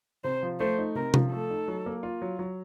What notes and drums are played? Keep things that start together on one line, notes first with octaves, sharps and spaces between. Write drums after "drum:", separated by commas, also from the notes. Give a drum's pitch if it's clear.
C3 C5
F3
A3 C5
D#4
C3 A#4
F3, drum: tom C3
A3 A4
D#4
F#3
A#3
F4
F#3
F#3